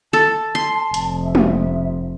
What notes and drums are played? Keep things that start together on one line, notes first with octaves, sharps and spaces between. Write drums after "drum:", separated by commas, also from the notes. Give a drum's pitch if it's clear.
A4 A5
C6
F1, drum: hi-hat
E5
drum: tom